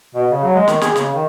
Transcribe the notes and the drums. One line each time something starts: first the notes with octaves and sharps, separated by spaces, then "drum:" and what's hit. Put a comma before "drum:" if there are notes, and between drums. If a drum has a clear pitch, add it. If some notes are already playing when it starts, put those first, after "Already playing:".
B2
C#3
F#3
G#3
D#3, drum: snare
G#4, drum: snare
C#3, drum: snare
D#3